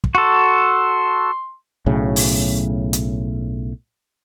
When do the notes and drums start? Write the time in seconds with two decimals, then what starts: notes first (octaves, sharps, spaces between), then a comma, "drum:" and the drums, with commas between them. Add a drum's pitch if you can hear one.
0.04 drum: kick
0.15 F#4 A4 C6
1.86 B1 A2 C#3
2.16 drum: open hi-hat
2.93 drum: hi-hat